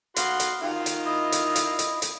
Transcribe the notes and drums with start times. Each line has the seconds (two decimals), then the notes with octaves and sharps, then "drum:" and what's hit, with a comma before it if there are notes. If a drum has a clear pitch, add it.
0.16 B3 F#4 F5 C6, drum: hi-hat
0.40 drum: hi-hat
0.62 D#3 F4 G4 F#5
0.75 D#4
0.86 drum: hi-hat
1.05 E4 D#5
1.32 drum: hi-hat
1.56 drum: hi-hat
1.79 drum: hi-hat
2.02 drum: hi-hat